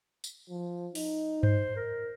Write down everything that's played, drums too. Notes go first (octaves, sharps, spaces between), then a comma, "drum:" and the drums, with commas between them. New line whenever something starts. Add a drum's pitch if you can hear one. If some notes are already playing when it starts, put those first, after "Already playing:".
drum: tambourine
F3
D#4, drum: open hi-hat
C5, drum: tom G2
A#4